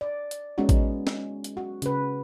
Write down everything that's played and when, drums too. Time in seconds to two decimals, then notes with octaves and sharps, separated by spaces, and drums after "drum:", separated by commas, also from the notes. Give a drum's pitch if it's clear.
0.01 D5
0.31 drum: hi-hat
0.58 G#3 B3 C#4 D#4 F#4
0.69 drum: kick A1, hi-hat
1.07 drum: snare
1.44 drum: hi-hat
1.57 F#4
1.82 C#3 B4, drum: hi-hat